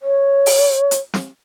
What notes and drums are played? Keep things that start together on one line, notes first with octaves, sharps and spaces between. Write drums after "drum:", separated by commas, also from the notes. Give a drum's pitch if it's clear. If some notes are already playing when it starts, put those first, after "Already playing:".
C#5
drum: open hi-hat
drum: hi-hat
drum: snare